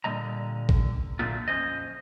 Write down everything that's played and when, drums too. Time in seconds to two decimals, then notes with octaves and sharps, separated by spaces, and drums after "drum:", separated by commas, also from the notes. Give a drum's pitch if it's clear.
0.04 A#2 D3 G3 D#5 A#5
0.69 drum: kick
1.19 A#2 D3 F#3 A3 A#3 F4
1.48 F2 C#4 C5 D#5